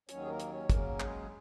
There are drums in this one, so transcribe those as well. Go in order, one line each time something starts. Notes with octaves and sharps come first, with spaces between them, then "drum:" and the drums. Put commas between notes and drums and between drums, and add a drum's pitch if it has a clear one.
D#2 D#3 F#3 C#4 C#5, drum: hi-hat
G#4
A#3 A#4
drum: hi-hat
C#4 C#5
C#3 F#3 A#3 C#4 A#4, drum: kick, hi-hat
G#3 G#4, drum: clap